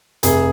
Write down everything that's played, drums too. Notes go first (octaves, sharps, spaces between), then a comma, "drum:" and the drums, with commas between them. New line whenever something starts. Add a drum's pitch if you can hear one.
F1 G#4, drum: hi-hat